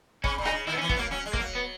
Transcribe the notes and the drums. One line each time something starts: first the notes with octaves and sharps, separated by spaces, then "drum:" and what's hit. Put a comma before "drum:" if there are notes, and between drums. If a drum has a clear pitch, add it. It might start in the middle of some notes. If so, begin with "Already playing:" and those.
C#3 C#4, drum: kick
A#2
D#4, drum: rim click
C#3
D#3 E4
B3
C#4
E3
B3, drum: kick
F#3 A#3
F#3 C#4
G#3
A#3, drum: kick
F#3
B3